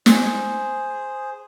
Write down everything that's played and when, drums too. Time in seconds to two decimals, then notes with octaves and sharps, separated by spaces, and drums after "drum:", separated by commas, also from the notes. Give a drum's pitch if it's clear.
0.06 G#4 C5, drum: snare